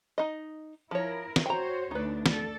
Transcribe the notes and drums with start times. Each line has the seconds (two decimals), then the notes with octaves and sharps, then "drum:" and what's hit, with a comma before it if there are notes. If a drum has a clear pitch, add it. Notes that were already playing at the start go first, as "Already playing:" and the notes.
0.18 D#4 D#5
0.91 F3 E4 A#4 C#5
1.36 drum: snare
1.46 F#4 C5 C#5 G5 A#5
1.91 D2 D4 D#4 B4
2.26 A4 D5, drum: snare